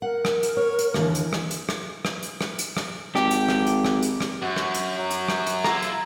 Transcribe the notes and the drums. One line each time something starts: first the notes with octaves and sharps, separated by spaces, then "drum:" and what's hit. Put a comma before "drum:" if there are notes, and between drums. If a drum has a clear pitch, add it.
A#4 F#5
drum: rim click
drum: hi-hat
C#5
drum: hi-hat
D#2 D3 E3, drum: rim click
drum: hi-hat
drum: rim click
drum: hi-hat
drum: rim click
drum: rim click
drum: hi-hat
drum: rim click
drum: hi-hat
drum: rim click
G#1 G4, drum: rim click
drum: hi-hat
drum: rim click
drum: hi-hat
drum: rim click
drum: hi-hat
drum: rim click
F#2 F#4
drum: rim click
drum: hi-hat
F#3
drum: hi-hat
drum: rim click
drum: hi-hat
E4 F4 A#5, drum: rim click
drum: hi-hat